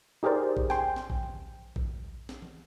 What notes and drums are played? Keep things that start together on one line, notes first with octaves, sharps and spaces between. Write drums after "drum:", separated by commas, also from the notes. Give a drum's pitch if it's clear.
D#4 G4 G#4 A#4 C5 D5
drum: kick A#1
G5 G#5 C6, drum: snare
drum: snare
drum: kick A#1
drum: tom E3
drum: kick A#1
drum: snare
drum: tom E3